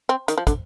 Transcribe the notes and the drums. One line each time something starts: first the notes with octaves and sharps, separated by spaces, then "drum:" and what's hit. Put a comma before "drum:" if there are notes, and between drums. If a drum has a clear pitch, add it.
C4
D#3, drum: hi-hat
F3
D3, drum: kick, hi-hat